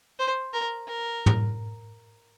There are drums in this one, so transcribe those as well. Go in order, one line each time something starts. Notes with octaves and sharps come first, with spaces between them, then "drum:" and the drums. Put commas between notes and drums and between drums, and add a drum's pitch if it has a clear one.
C5
A#4
A#4
drum: tom